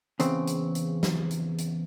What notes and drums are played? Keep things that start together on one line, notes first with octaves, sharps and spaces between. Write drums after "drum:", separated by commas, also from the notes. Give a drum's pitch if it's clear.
E2 C#3 C4, drum: hi-hat
drum: hi-hat
drum: hi-hat
drum: snare
drum: hi-hat
drum: hi-hat